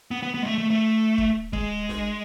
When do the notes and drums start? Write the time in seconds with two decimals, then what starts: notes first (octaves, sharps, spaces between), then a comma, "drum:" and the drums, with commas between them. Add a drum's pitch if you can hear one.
0.11 B3
0.23 B3
0.34 B3
0.42 G#3
0.46 A3
0.58 A3
0.70 A3
1.18 drum: kick
1.53 G#3, drum: kick
1.89 drum: snare